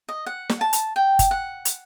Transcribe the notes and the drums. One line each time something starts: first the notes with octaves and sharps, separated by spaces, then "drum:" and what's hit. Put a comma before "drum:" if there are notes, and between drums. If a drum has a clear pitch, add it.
D#5
F#5
drum: snare
A5
drum: hi-hat
G5
drum: kick G1, hi-hat
F#5
drum: hi-hat